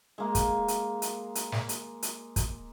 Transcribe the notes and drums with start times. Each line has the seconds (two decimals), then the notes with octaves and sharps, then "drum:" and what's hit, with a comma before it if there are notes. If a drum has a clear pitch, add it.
0.18 G#3 A#3
0.35 drum: kick, hi-hat
0.68 drum: hi-hat
1.02 drum: hi-hat
1.35 drum: hi-hat
1.52 drum: snare
1.69 drum: hi-hat
2.03 drum: hi-hat
2.36 drum: kick, hi-hat